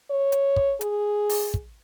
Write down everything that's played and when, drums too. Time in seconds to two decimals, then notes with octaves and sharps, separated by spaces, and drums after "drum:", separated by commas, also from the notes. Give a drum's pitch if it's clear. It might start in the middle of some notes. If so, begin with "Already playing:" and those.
0.11 C#5
0.32 drum: hi-hat
0.56 drum: kick
0.81 G#4, drum: hi-hat
1.29 drum: open hi-hat
1.54 drum: kick